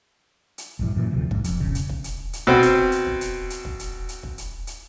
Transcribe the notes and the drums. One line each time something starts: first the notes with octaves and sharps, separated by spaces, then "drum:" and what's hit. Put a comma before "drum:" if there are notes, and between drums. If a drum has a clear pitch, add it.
drum: hi-hat
A#1 G2 E3
F#2 A#2 E3
D#1 D2 C3 F3
G#2, drum: kick
F2, drum: hi-hat
B1 C#3
drum: hi-hat
drum: kick
drum: hi-hat
drum: hi-hat
B2 C4, drum: kick
drum: hi-hat
drum: hi-hat
drum: kick
drum: hi-hat
drum: hi-hat
drum: kick
drum: hi-hat
drum: hi-hat
drum: kick
drum: hi-hat
drum: hi-hat